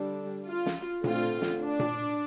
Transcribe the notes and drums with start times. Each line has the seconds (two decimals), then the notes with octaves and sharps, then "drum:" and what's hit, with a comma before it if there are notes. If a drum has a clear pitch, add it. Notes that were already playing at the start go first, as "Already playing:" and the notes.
Already playing: D3 G3 D4
0.48 F4
0.66 drum: snare
1.04 D3 A3 C4 F4, drum: tom A#2
1.42 drum: snare
1.61 D4
1.79 drum: tom A#2